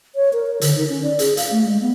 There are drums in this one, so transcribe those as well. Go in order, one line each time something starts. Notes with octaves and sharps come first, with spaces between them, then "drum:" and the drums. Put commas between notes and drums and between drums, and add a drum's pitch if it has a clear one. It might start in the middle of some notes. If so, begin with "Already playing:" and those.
C#5
A#4
A#4
D3, drum: hi-hat
D#4
C#4
D5
G#4, drum: hi-hat
F5, drum: hi-hat
A3
G#3
B3